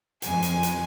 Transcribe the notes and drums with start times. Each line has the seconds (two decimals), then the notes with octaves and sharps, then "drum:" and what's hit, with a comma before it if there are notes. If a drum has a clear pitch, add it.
0.22 F2 G#5, drum: hi-hat
0.43 drum: hi-hat
0.63 drum: hi-hat